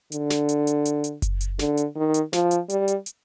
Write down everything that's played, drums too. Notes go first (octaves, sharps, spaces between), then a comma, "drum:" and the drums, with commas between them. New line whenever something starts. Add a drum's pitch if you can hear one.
D3, drum: hi-hat
drum: snare
drum: hi-hat
drum: hi-hat
drum: hi-hat
drum: hi-hat
drum: kick F#1, hi-hat
drum: hi-hat
D3, drum: snare
drum: hi-hat
D#3
drum: hi-hat
F3, drum: snare
drum: hi-hat
G3, drum: hi-hat
drum: hi-hat
drum: hi-hat